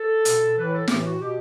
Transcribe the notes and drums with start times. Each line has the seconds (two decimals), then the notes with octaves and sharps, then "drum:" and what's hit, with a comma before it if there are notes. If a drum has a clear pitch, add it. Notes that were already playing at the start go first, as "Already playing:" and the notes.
Already playing: A4
0.25 B2, drum: hi-hat
0.56 A2 E3 B4
0.72 A4
0.88 A2 E3 G4, drum: snare
1.03 F#4
1.19 B2 G4